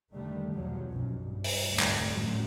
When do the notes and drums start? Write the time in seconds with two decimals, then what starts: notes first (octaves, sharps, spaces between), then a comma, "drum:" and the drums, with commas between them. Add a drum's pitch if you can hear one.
0.13 F1 D3 D#3 G3 A3
0.53 B1 E2 C3 F3 F#3
0.89 B1 F#2
1.22 G2
1.44 drum: open hi-hat
1.70 F1 D2 G#2 C3 G3 A3
1.80 drum: clap
2.14 F#2 A2 C3 F#3 A3